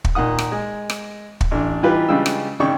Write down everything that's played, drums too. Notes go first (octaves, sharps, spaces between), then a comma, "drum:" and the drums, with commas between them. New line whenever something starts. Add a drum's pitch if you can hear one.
drum: kick
A#2 D#3 F#5 D#6
drum: rim click
G#3
drum: rim click
drum: kick
A1 D4
E3 G3 D#4 F4 G4 B4
C#3 G3 G#3 D4 F4 E6
drum: rim click
G#1 G#2 C#3 D5 G5 C#6